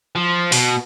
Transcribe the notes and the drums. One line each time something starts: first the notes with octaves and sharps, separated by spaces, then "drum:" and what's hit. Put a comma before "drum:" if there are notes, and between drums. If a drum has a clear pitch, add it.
F3
B2, drum: open hi-hat